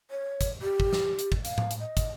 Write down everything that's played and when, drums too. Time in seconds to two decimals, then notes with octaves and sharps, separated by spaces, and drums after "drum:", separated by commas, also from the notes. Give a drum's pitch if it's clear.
0.11 C#5
0.41 drum: kick, hi-hat
0.62 G4
0.80 drum: kick
0.93 drum: snare
1.19 drum: hi-hat
1.32 drum: kick
1.45 F5, drum: hi-hat
1.58 drum: tom A2
1.71 drum: hi-hat
1.80 D#5
1.97 drum: kick, hi-hat